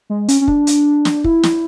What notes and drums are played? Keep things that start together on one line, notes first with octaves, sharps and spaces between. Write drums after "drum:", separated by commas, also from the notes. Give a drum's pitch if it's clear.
G#3
C#4, drum: hi-hat
C#4
D4, drum: kick
drum: hi-hat
drum: snare
E4, drum: kick
drum: snare